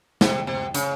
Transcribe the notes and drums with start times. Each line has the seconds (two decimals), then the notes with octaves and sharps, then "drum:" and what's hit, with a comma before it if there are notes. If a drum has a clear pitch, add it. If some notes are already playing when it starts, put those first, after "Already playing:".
0.21 C3, drum: snare
0.47 C3
0.74 C#3, drum: hi-hat